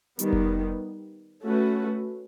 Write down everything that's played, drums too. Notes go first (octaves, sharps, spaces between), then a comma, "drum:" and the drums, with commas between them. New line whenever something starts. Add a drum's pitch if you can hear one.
D#3 G3 B3, drum: hi-hat
drum: kick F1
A3 C#4 F#4 B4